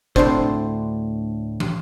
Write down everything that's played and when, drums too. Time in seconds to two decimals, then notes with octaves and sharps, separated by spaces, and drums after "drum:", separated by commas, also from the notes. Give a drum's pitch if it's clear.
0.16 D2 A2 F3 C4 D4 C5, drum: kick
1.60 drum: tom